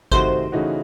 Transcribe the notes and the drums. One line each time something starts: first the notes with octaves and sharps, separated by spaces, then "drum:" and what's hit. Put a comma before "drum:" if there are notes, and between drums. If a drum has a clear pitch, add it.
C3 D#3 A3 D#4 F#4 C5, drum: kick G#1
C#3 E3 A3 D#4 F#4